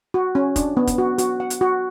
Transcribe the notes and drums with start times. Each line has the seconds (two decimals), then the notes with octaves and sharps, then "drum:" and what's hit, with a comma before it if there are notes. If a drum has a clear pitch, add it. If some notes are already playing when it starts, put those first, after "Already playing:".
0.14 F#4
0.35 C#4
0.56 D4, drum: kick F1, hi-hat
0.77 B3
0.87 drum: kick F1, hi-hat
0.98 F#4
1.18 F#4, drum: hi-hat
1.40 F#5
1.50 drum: hi-hat
1.61 F#4